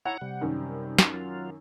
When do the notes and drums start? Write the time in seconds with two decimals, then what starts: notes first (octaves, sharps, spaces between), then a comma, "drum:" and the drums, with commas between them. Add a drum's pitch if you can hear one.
0.05 E4 C#5 F#5 A#5
0.21 C3 G3
0.41 F#2 D#3
0.99 drum: snare
1.13 F#3 F4